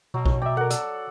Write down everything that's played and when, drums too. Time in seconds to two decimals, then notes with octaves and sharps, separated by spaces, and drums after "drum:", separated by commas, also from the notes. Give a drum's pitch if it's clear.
0.14 B2 F#3
0.26 C#5, drum: kick A#1
0.42 D5 E5 G5 A#5
0.57 A4 A#4 F#5
0.70 A4 D5, drum: hi-hat